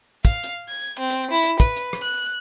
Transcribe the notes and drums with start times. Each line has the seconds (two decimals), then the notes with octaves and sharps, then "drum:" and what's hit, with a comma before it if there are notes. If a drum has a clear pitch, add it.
0.25 F5, drum: kick, hi-hat
0.43 drum: hi-hat
0.69 G#6
0.99 C4
1.10 drum: hi-hat
1.31 E4
1.43 drum: hi-hat
1.60 B4, drum: kick, hi-hat
1.76 drum: hi-hat
1.93 drum: rim click
2.03 F#6